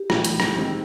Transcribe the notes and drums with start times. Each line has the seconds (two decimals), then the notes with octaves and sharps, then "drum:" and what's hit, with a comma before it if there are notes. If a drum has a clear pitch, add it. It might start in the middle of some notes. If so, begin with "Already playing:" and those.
Already playing: G4
0.10 B1 A2 E3, drum: rim click
0.25 drum: hi-hat
0.40 drum: rim click
0.55 G#2 D#3 G3 C4